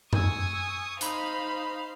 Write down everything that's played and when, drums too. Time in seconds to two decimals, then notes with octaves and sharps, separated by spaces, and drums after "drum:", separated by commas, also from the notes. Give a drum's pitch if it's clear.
0.13 G#5 C#6 D#6 E6, drum: tom F#2
1.01 D#4 C5 F5 B5, drum: hi-hat